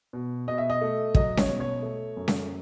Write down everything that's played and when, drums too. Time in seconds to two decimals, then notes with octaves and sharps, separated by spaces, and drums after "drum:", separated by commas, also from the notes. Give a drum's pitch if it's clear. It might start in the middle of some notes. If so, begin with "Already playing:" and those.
0.13 B2
0.48 B2 D#5
0.58 E5
0.70 D#5
0.81 A3
1.15 F#3 D#5, drum: kick
1.37 C#5, drum: snare C#4
1.48 B2
1.60 C#5
1.82 A3
2.17 F#2
2.28 drum: snare C#4